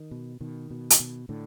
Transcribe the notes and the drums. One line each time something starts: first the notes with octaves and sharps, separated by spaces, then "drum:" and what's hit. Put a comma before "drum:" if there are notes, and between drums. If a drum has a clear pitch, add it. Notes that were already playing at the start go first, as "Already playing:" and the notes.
Already playing: D#3
B2
B2 D#3
B2
drum: hi-hat
B2
A2 D3